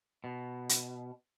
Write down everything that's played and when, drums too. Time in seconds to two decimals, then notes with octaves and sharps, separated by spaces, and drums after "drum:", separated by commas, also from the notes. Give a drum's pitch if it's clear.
0.24 B2
0.69 drum: hi-hat